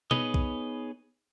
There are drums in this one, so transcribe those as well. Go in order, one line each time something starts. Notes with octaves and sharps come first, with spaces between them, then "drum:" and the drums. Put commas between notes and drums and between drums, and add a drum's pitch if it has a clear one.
B3 D#4 G#4 B4 C#5 D#5, drum: tom B2
drum: kick